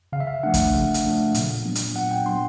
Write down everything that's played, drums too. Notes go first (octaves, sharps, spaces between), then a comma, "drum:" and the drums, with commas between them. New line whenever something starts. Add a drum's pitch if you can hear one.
C#3 F5
E5
F5
F3 A3 D4 F#5
drum: kick, hi-hat
C#3
drum: hi-hat
F3 A3 D4
A#2, drum: hi-hat
F#3 B3 D4
drum: hi-hat
A#2 F#5
G5
F#3 B3 D4 C6